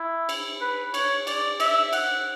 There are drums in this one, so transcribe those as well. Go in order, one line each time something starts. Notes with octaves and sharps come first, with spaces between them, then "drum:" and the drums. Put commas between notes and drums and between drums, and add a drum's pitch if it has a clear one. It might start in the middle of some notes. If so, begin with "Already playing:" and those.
Already playing: E4
drum: cymbal
B4
C#5, drum: cymbal
D5, drum: cymbal
E5, drum: cymbal
F#5, drum: cymbal